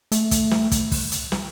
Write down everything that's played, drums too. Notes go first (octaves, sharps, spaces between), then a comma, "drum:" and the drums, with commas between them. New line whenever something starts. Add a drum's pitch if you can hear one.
A3, drum: hi-hat
drum: kick, hi-hat
drum: snare
drum: kick, hi-hat
drum: kick, open hi-hat
drum: hi-hat
drum: snare